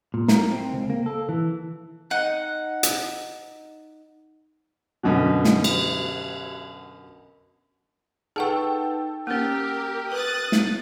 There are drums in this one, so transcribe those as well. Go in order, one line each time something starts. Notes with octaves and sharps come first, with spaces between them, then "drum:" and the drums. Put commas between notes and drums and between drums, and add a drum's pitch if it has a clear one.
A#2
A#4, drum: snare
C4
C#2
A#3
A4
E3
D#4 F#5
drum: hi-hat
F#2 B2 D3 F#3
drum: snare
drum: cymbal
D#4 G#4 A4 B4 F#5 G5 C#6
A#3 C#4 G4 A#4 E6 F6
B4 D#6 F#6 A6
drum: snare